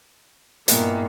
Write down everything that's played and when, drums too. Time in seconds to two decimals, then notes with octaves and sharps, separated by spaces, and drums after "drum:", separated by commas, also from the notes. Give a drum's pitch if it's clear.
0.68 E2 G2 A#2 D#3 E3 A#3 B3, drum: hi-hat